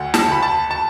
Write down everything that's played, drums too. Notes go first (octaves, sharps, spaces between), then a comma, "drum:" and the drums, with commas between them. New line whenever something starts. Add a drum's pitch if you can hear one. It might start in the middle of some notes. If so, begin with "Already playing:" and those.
Already playing: D2 F#5
A5, drum: snare
D2 B5
A5
A5